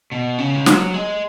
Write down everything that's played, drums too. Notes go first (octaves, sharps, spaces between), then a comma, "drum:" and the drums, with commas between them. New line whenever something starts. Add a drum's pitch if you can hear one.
B2
C#3
G#3
F#3, drum: snare
G#3